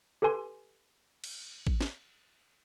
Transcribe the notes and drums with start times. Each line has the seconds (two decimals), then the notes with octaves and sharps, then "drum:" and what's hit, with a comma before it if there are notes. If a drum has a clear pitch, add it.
0.22 G4 A4 B4 G#5 C6
1.24 drum: cymbal
1.67 drum: kick A1
1.81 drum: snare